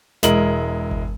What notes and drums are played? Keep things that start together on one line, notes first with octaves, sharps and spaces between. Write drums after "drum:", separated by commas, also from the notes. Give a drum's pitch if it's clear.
E1 G#3 E4 A#4 F#7, drum: snare
drum: kick G1